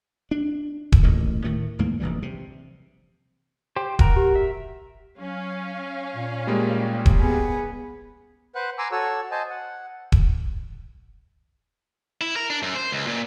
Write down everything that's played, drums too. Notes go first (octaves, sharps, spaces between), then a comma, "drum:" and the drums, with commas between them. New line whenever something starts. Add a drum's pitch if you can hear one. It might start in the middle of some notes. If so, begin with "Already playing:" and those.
D4
drum: kick D#1
A1 D2 A#2 D#3
A2 D#3 A3
D2 G#2 E3 A#3
F1 A#1 E3 G3
C3
G4 C5
F#4 A#4, drum: kick D#1
G4
E5
F#3 C#4 F5
A#2
G3 G#3 A#3
drum: kick D#1
B3 G#4
B4 C5 F#5 F#6
G#5 A#5 C6 D6 E6
F#4 A4 C#5 F#5 E6
C5 D#5 G#5 A5
F#5
drum: kick D#1
E4
A#4
D4
F#2
C5
C#2
A#2